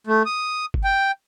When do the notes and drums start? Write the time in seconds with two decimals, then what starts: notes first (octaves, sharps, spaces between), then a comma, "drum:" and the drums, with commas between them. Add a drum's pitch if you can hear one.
0.07 A3
0.26 D#6
0.74 drum: kick G1
0.84 G5